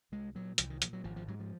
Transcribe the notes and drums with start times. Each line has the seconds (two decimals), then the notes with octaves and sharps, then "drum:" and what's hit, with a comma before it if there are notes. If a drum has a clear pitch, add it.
0.12 C2 G#3
0.35 A#2 F#3
0.58 C2 F3, drum: hi-hat
0.70 D#3
0.82 A#2 F3, drum: hi-hat
0.93 F#3
1.04 G#1 F3
1.16 F3
1.28 G#2 F#3
1.39 F3